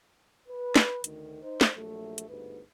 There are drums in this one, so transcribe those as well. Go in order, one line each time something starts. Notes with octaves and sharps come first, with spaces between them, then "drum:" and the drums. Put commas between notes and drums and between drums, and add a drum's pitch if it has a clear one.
B4
drum: snare
D2 D#3, drum: hi-hat
D#4 C5
drum: snare
A#1 F#3 A3
drum: hi-hat
G1 D2 G#2 B4